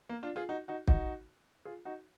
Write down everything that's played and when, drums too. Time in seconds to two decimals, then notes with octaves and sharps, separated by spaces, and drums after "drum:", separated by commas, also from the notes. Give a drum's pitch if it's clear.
0.09 A#3
0.23 D4 F4
0.36 F4 G#4
0.49 D#4 F#4
0.68 D#4 F#4
0.88 D#4 F#4, drum: kick
1.65 F4 G#4
1.85 D#4 F#4